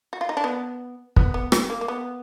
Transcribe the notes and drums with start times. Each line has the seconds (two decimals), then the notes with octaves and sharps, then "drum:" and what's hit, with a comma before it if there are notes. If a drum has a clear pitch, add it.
0.13 F#4
0.21 F4
0.29 D#4
0.37 D4
0.44 B3
1.16 B3, drum: kick
1.34 B3
1.52 drum: rim click
1.70 A#3
1.81 A#3
1.88 B3